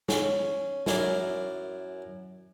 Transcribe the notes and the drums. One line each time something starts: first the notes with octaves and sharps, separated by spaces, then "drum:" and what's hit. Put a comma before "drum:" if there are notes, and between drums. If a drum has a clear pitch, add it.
C#4, drum: snare
F#2 E4 A#4 D5 D6, drum: snare